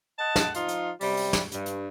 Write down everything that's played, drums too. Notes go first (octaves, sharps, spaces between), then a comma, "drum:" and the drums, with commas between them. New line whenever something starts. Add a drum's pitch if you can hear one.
D#5 F#5 A5
drum: snare
F3 D#4 F4, drum: hi-hat
drum: hi-hat
F#2 C3 G3, drum: open hi-hat
drum: open hi-hat
drum: snare
G2, drum: hi-hat
drum: hi-hat